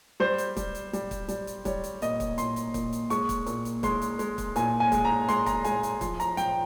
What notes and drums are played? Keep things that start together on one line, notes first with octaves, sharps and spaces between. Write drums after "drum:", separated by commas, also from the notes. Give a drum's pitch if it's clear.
G3 C5
drum: hi-hat
G3, drum: kick, hi-hat
drum: hi-hat
G3, drum: hi-hat
drum: kick, hi-hat
G3, drum: hi-hat
drum: hi-hat
G3 C#5, drum: kick, hi-hat
drum: hi-hat
A#2 D#5, drum: hi-hat
drum: kick, hi-hat
A#2 C6, drum: hi-hat
drum: hi-hat
A#2, drum: kick, hi-hat
drum: hi-hat
G#3 C#6, drum: hi-hat
drum: kick, hi-hat
A#2, drum: hi-hat
drum: hi-hat
G#3 C6, drum: kick, hi-hat
drum: hi-hat
G#3, drum: hi-hat
drum: kick, hi-hat
A#2 G#5, drum: hi-hat
G#5
G#3, drum: kick, hi-hat
A#5
G#3 C6, drum: hi-hat
A#5, drum: kick, hi-hat
G#3 G#5, drum: hi-hat
drum: hi-hat
F3 C6, drum: kick, hi-hat
A#5, drum: hi-hat
F3 G5, drum: hi-hat